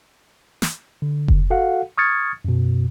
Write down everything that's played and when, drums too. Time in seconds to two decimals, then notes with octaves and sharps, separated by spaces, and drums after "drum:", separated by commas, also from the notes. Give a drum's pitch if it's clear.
0.62 drum: snare
1.02 D3
1.28 drum: kick F1
1.50 F#4 A4 F5 F#5
1.98 C#6 D#6 F6 G#6 A6 C#7
2.45 F#2 B2